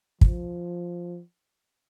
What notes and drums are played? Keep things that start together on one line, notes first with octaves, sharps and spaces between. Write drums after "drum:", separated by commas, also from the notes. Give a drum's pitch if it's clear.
F3, drum: kick